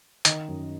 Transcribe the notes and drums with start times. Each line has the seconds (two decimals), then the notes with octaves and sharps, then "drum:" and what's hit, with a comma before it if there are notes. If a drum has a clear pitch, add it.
0.25 D#3 D#5, drum: hi-hat
0.48 F#2